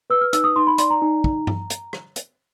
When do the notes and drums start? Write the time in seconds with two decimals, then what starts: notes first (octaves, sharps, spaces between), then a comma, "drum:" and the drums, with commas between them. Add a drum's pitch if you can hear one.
0.10 B4 E6
0.21 F6
0.33 D#4 E6, drum: hi-hat
0.44 D#6
0.56 D#4 C6
0.67 B5
0.78 D5 C6, drum: hi-hat
0.90 A#5
1.02 D#4
1.24 D#4, drum: kick
1.47 drum: tom G2
1.70 drum: hi-hat
1.93 drum: rim click
2.16 drum: hi-hat